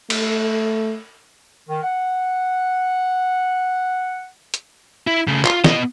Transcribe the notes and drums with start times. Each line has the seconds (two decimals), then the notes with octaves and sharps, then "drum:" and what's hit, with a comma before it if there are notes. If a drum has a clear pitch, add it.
0.10 A3, drum: cymbal
1.68 D#3
1.83 F#5
4.54 drum: hi-hat
5.07 E4
5.27 C#3 A3
5.45 F4, drum: clap
5.64 B3 D#5, drum: snare